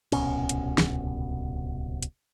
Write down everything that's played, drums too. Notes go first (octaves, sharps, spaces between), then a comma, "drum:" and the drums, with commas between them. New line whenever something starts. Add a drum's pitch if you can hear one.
D1 C2 B2 C#4, drum: cymbal
drum: hi-hat
drum: snare
drum: hi-hat